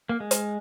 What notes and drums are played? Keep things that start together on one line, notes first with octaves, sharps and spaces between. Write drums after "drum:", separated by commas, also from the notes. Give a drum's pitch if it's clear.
A#3
G#3
drum: hi-hat